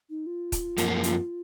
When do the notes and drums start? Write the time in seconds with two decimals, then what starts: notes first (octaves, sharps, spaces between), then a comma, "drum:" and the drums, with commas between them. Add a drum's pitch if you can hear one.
0.10 D#4
0.27 F4
0.52 drum: kick, hi-hat
0.78 F#2 F3 A#3, drum: hi-hat
1.03 drum: hi-hat